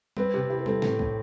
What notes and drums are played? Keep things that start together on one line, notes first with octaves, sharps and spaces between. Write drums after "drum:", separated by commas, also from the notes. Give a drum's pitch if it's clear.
C4 B4, drum: tom G3
C3 G4
E4 G4
B4
C4 A4, drum: tom G3
A2, drum: snare
A2, drum: kick